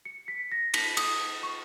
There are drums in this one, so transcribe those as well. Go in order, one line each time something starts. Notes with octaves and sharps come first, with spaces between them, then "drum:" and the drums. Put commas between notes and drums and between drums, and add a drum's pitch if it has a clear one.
C#7
B6
A#6
B6, drum: cymbal
D#6, drum: cymbal
C#6